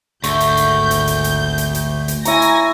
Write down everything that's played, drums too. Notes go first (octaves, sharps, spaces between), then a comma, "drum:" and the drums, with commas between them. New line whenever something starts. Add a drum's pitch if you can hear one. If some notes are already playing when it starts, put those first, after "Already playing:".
G#1 D2 A3 G6, drum: hi-hat
drum: hi-hat
drum: hi-hat
drum: hi-hat
drum: hi-hat
drum: hi-hat
drum: hi-hat
drum: hi-hat
drum: hi-hat
E4 C#5 G#5 A#5 A#6, drum: hi-hat
drum: hi-hat